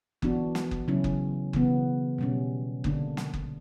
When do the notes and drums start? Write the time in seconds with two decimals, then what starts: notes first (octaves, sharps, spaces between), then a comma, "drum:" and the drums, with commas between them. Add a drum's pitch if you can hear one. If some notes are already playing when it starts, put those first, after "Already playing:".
0.22 E3 B3 D4 F#4, drum: kick F#1
0.55 drum: snare
0.71 drum: kick F#1
0.88 C#3 F#3 C#4 E4
1.04 drum: kick F#1
1.53 C#3 E3 B3, drum: kick F#1
2.18 B2 G3 C#4
2.84 D3 A#3 D4, drum: kick F#1
3.17 drum: snare
3.34 drum: kick F#1